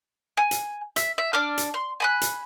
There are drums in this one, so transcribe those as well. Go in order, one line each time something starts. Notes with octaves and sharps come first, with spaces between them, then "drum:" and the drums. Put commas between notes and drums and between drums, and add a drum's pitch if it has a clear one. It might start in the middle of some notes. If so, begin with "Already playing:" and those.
G#5
drum: hi-hat
E5, drum: hi-hat
E5
D4 D6 F6
drum: hi-hat
C6
G#5 B5 F#6
drum: hi-hat